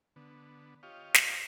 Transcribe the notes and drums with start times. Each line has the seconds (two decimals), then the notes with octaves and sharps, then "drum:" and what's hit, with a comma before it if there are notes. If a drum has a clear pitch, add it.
0.16 D3 B3
0.83 F4 G4 C#5 D#5 F5
1.14 drum: snare